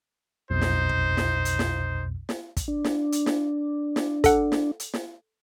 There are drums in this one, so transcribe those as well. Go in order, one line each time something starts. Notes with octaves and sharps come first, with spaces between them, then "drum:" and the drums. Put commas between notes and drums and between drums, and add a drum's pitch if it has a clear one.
B1 F2 B2 D#4 C5
drum: snare
drum: kick
drum: snare
drum: hi-hat
drum: snare
drum: snare
drum: kick, hi-hat
D4
drum: snare
drum: hi-hat
drum: snare
drum: snare
A4 F#5, drum: kick, hi-hat
drum: snare
drum: hi-hat
drum: snare